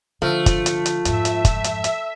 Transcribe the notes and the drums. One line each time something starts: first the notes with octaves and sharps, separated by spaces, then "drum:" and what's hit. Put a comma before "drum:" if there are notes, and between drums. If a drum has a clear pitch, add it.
D3 F3 A3
drum: kick, hi-hat
drum: hi-hat
drum: hi-hat
F2 G#2 E5, drum: hi-hat
drum: hi-hat
drum: kick, hi-hat
drum: hi-hat
drum: hi-hat